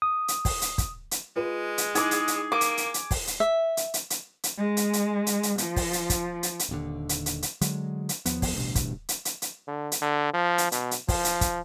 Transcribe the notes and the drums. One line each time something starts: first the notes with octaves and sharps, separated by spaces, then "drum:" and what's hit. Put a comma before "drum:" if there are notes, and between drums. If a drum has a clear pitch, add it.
D#6
drum: hi-hat
drum: kick, open hi-hat
drum: hi-hat
drum: kick, hi-hat
drum: hi-hat
G#3 F4 B4 D#7
drum: hi-hat
D#4 E4 G#4 D6, drum: hi-hat
drum: hi-hat
drum: hi-hat
A#3 D6
drum: hi-hat
drum: hi-hat
drum: hi-hat
drum: kick, open hi-hat
drum: hi-hat
E5
drum: hi-hat
drum: hi-hat
drum: hi-hat
drum: hi-hat
G#3
drum: hi-hat
drum: hi-hat
drum: hi-hat
drum: hi-hat
F3, drum: hi-hat
drum: kick, open hi-hat
drum: hi-hat
drum: kick, hi-hat
drum: hi-hat
drum: hi-hat
D#1 D#2 D3
drum: hi-hat
drum: hi-hat
drum: hi-hat
D3 F#3 G#3, drum: hi-hat
drum: hi-hat
D#2 F3 B3, drum: hi-hat
drum: kick, open hi-hat
A1 D2 G2 B2
drum: kick, hi-hat
drum: hi-hat
drum: hi-hat
drum: hi-hat
D3
drum: hi-hat
D3
F3
drum: hi-hat
B2, drum: hi-hat
drum: hi-hat
F3, drum: kick, open hi-hat
drum: hi-hat
drum: kick, hi-hat